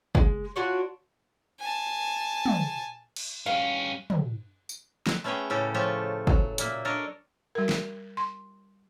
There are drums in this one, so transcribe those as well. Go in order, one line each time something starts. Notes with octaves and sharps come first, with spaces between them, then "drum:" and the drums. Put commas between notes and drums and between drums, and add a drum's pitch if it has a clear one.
G#3, drum: kick
D4 F4 F#4 C#5
G#5 A5
drum: tom
drum: cymbal
G2 C#4 F5
drum: tom
drum: tambourine
drum: snare
A3 B3 C#4 G#4 C#5 G5
A2 C#3 C#4 G4 A4
F3 A3 F4 G4 A4 C#5
F#3, drum: kick
A#2 A#3 E5, drum: hi-hat
D4 A4 A#4 C#5 D#5
G3 A#4
drum: snare
C6